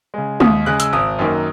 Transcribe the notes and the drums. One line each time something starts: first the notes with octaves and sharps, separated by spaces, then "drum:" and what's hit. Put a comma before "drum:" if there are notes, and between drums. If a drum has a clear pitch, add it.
C#3 G#3
D#2 D#6, drum: tom G#3
C#3 G#3 F#6
E6, drum: hi-hat
G#1 D#6
F#2 D#3 A#3